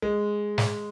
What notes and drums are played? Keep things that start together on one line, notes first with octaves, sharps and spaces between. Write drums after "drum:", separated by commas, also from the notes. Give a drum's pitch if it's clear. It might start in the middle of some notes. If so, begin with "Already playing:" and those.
G#3
drum: snare